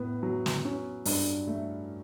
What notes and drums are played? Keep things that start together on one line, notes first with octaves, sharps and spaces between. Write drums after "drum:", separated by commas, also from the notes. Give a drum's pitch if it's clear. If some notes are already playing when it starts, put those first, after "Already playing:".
Already playing: A2 B3
F#3
drum: snare
C#4
G2, drum: open hi-hat
A3